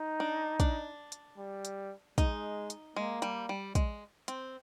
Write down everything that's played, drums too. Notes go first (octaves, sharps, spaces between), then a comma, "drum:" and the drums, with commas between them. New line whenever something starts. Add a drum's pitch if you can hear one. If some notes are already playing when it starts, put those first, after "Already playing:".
Already playing: D#4
D4
D4, drum: kick, hi-hat
drum: hi-hat
G3
drum: hi-hat
G#3 D#4, drum: kick, hi-hat
drum: hi-hat
G#3 A#3
G3, drum: hi-hat
G3
G#3, drum: kick, hi-hat
C4, drum: hi-hat